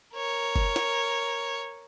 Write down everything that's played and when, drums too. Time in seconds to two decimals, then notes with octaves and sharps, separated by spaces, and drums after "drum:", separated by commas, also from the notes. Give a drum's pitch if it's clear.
0.15 A#4 C#5
0.56 drum: kick F#1
0.76 drum: snare